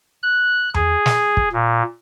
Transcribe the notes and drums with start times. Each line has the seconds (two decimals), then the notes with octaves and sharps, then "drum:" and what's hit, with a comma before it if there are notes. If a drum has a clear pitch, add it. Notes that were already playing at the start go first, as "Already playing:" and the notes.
0.22 F#6
0.74 G#4, drum: tom E2
1.06 drum: snare
1.37 drum: kick
1.52 A#2